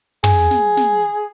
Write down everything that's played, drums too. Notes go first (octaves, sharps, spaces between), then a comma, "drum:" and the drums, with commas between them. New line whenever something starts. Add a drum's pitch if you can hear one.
G#4, drum: tom
drum: snare
drum: snare